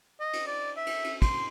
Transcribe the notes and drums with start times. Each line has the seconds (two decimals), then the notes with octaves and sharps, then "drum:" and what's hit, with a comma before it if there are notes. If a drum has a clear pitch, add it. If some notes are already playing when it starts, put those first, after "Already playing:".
0.20 D#5
0.33 drum: cymbal
0.47 D5
0.77 E5
0.86 drum: cymbal
1.04 drum: cymbal
1.22 C6, drum: kick, cymbal